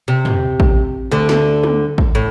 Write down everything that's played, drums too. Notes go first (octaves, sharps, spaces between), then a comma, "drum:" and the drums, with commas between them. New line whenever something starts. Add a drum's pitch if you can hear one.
C3
drum: tom
drum: kick A1
D2 D3
drum: snare
drum: tom
drum: kick A1
A2